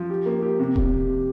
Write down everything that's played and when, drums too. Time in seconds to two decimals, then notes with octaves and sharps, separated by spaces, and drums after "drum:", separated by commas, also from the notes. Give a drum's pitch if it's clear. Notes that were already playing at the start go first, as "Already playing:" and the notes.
Already playing: F3
0.10 G4
0.26 A#3
0.43 G4
0.59 C3
0.76 C3, drum: kick D#1